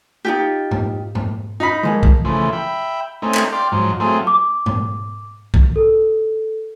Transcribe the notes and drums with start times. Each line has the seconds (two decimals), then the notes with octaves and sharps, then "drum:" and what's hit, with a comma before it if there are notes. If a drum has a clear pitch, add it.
0.25 D#4 F4 G4
0.71 drum: tom G#2
1.15 drum: tom G#2
1.60 D#4 B5
1.83 F3 G#3 A#3
2.03 drum: kick B1
2.25 C#3 E3 F3 A3
2.53 E5 G5 B5
3.22 A3 C4 C#4 D#4
3.34 drum: clap
3.52 D5 F5 G5 C6
3.72 G#2 F3 F#3
4.00 F#3 A3 C4 F4 G#4
4.27 D6
4.66 drum: tom G#2
5.54 drum: kick B1
5.76 A4